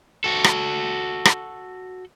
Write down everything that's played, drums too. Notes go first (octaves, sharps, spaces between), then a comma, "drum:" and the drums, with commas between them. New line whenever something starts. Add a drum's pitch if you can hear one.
F#4 A4
drum: rim click
drum: rim click